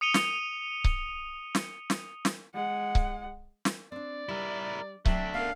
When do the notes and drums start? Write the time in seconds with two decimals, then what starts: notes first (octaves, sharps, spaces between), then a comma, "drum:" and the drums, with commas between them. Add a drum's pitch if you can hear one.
0.01 D#6 C#7 D#7 F7 G7
0.14 drum: snare
0.84 drum: kick C#1
1.55 drum: snare
1.90 drum: snare
2.25 drum: snare
2.55 G#3 F#5
2.95 drum: kick C#1
3.65 drum: snare
3.92 C4 D4 D5
4.29 G3 E4 A#4
5.05 F#3 A3 C4 D4 E5 G5, drum: kick C#1
5.34 B3 C#4 A#4 F5